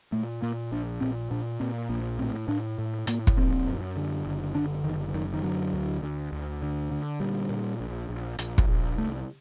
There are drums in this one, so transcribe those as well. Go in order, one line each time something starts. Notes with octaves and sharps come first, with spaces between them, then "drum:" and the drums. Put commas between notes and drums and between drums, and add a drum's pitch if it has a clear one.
A#2 A3
A#2 A#3
A#1 D4
A#2 C4
A#2 D4
A#2 C4
A#1 A#3
A2 C4
A2 D4
A2
A2 A#3, drum: hi-hat
drum: kick
A#1 C4
F#2
D3
F#1
D3 D4
F#1 D#3
F#2 D#3
D#3
D3 F#3
D2
D2
D2
D3
D3
A#2 G3
A#2
A#1
A#1
A#1, drum: hi-hat
drum: kick
A#1
C2 A3